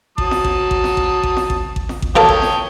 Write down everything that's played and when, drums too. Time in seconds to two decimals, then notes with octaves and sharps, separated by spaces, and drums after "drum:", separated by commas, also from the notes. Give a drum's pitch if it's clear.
0.18 F#3 A5 D#6, drum: kick A1
0.31 drum: snare F4
0.44 drum: kick A1
0.71 drum: kick A1
0.84 drum: snare F4
0.97 drum: kick A1
1.23 drum: kick A1
1.37 drum: snare F4
1.50 drum: kick A1
1.76 drum: kick A1
1.89 drum: snare F4
2.02 drum: kick A1
2.16 B2 A#3 A4 C#5 G5 D#6
2.29 drum: kick A1
2.42 drum: snare F4